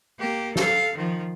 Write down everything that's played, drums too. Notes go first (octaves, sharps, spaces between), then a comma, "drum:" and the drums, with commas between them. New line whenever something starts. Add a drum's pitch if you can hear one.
A#3 G4
A4 F5, drum: snare
D#3 F3